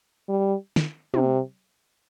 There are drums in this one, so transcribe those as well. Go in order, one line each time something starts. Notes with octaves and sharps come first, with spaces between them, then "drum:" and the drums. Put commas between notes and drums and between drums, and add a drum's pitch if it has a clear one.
G3
drum: snare
C3, drum: tom